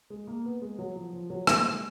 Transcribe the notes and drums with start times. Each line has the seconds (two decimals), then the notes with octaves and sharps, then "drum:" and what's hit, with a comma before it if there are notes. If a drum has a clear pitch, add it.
0.10 G#3
0.27 A#3
0.45 B3
0.62 G#3
0.79 F#3
0.96 F3
1.13 F3
1.30 F#3
1.47 A#3, drum: rim click
1.66 G#3